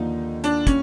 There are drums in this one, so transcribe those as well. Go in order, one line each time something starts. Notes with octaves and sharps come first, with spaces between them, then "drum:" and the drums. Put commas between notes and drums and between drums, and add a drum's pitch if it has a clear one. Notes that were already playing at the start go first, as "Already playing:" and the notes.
Already playing: D#2 D3 F3 D#4
D4, drum: hi-hat
C#4, drum: kick, hi-hat